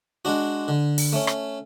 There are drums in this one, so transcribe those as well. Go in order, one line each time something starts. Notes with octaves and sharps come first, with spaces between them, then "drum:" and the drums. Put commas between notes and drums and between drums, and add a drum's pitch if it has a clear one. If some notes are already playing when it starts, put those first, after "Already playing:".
G#3 D4 F#4
D3
drum: open hi-hat
A3 C#4
drum: rim click